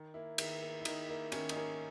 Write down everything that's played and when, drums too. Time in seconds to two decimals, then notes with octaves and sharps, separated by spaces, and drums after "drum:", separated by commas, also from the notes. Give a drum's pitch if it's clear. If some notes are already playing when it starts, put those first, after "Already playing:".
Already playing: D#3
0.14 A#3 E4
0.38 D#3 E4, drum: cymbal
0.61 A#3
0.80 E4
0.85 D#3 D#4, drum: cymbal
1.08 A#3 E4
1.32 D#3 C#4, drum: cymbal
1.49 D#4, drum: cymbal
1.56 A#3 C#4